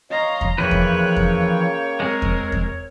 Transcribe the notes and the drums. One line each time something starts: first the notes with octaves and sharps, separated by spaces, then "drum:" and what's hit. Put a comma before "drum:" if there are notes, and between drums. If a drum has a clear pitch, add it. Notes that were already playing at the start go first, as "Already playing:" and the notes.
C#5 D#5 F5 A#5 C6
drum: kick E2
C#3 E3 F3 A#3 B4 C#5 G5 F#6
drum: kick E2
drum: kick E2
G#3 C4 G#4 A#4
drum: kick E2
drum: kick E2